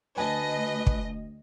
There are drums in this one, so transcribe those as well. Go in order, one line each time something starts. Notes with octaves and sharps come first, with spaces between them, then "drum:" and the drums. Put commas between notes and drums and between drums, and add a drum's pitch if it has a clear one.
D2 B4 D#5 G#5 A5
drum: kick